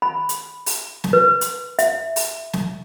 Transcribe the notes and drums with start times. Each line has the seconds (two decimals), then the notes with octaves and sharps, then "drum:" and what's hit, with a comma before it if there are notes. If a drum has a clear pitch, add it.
0.02 B5
0.29 drum: hi-hat
0.66 drum: open hi-hat
1.04 drum: snare
1.13 B4
1.41 drum: hi-hat
1.79 E5, drum: hi-hat
2.16 drum: open hi-hat
2.53 drum: snare